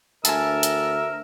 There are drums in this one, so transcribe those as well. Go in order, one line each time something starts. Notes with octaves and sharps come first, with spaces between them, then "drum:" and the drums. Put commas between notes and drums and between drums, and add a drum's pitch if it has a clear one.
D2 A#4 E5 G#5 A5 E6, drum: hi-hat
drum: hi-hat